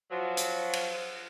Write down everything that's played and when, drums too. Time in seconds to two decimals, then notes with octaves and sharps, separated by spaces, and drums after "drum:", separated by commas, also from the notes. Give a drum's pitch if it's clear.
0.11 F3 F#3
0.37 drum: hi-hat
0.73 drum: cymbal